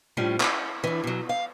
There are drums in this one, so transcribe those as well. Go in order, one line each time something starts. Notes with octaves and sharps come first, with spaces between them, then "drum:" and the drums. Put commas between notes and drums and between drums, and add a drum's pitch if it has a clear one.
A2 F3 G3 C#4 D4
C#4, drum: clap
E3 D4
B2 F#3
F5